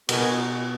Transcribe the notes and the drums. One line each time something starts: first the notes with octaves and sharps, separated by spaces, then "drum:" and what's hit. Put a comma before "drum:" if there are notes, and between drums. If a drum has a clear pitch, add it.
B2 B3 F#4 A#4 D#5 G#5, drum: cymbal